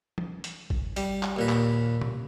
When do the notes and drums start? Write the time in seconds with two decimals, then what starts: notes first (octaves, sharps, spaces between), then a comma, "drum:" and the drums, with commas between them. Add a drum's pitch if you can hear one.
0.18 drum: tom
0.44 drum: hi-hat
0.70 drum: kick G#1
0.97 G3, drum: hi-hat
1.23 drum: clap
1.36 D#2 A#2 B4
1.49 drum: clap
2.01 drum: tom B2